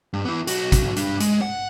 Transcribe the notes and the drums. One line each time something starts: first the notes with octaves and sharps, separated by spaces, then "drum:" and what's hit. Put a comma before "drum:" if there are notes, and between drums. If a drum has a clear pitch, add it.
G2
B3 E4
B1 F#4, drum: hi-hat
drum: kick, hi-hat
G3 D4, drum: hi-hat
G#3, drum: hi-hat
F#5